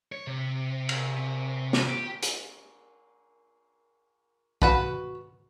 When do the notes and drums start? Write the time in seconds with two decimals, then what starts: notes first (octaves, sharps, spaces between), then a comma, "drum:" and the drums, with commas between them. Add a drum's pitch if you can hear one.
0.12 C#5
0.27 C3
0.89 drum: cymbal
1.73 drum: snare
1.88 G4
2.23 drum: hi-hat
4.62 F#4 B4 B5, drum: kick